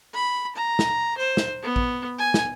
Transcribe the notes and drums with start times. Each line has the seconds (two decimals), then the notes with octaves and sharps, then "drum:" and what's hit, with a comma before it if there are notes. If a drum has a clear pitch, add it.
0.14 B5
0.56 A#5
0.79 drum: snare
1.18 C5
1.37 drum: snare
1.63 B3
1.76 drum: kick A1
2.19 G#5
2.34 drum: snare